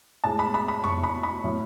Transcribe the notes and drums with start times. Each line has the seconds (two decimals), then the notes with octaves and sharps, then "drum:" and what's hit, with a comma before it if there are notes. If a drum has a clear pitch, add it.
0.24 A2 G#3 A5
0.39 B5
0.54 B5
0.68 B5
0.84 C#6, drum: tom F2
1.03 B5
1.23 B5
1.44 A2 F#3